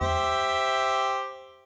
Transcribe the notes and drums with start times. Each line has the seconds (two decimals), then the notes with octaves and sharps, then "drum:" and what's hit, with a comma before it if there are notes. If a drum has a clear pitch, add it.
0.01 G4 C5 E5, drum: tom E2